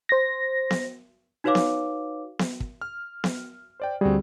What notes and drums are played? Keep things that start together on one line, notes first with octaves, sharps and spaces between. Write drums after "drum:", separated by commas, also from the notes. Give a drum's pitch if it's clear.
C5 A#6
drum: snare B3
D#4 F#4 B4 C#5 F5 D6
drum: snare B3
drum: snare B3
drum: kick
F6
drum: snare B3
C5 D5 G5
D2 G3 C4 F#4 G#4